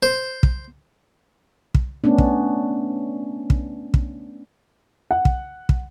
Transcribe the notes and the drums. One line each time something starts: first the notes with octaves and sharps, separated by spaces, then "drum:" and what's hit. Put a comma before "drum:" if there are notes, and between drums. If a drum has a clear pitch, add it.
C5
drum: kick
drum: kick
A3 B3 C#4 D4
drum: kick
drum: kick
drum: kick
F#5
drum: kick
drum: kick